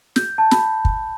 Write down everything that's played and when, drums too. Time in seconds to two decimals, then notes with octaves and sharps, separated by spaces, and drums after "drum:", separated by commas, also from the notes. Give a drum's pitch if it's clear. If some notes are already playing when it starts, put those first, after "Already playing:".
0.16 G6, drum: snare
0.38 A5
0.51 B5, drum: snare
0.85 drum: kick